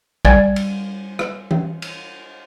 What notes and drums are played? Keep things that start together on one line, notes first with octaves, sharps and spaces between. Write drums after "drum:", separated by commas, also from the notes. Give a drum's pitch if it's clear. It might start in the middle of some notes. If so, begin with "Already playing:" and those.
G3 D5 G#5 G#6 A6, drum: kick
drum: cymbal
drum: rim click
drum: tom
drum: cymbal